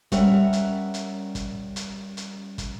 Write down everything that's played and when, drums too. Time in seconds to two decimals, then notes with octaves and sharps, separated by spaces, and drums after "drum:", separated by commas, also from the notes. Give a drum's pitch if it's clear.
0.12 G3 C#4 A#4 E5 F#5, drum: kick, hi-hat
0.53 drum: hi-hat
0.94 drum: hi-hat
1.35 drum: kick, hi-hat
1.76 drum: hi-hat
2.17 drum: hi-hat
2.58 drum: kick, hi-hat